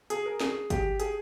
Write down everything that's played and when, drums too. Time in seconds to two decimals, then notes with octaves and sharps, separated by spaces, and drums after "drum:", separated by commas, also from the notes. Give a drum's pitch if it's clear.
0.10 G#4, drum: hi-hat
0.26 A#4
0.40 G#4, drum: snare
0.70 G4, drum: kick G1, hi-hat
1.00 G#4, drum: hi-hat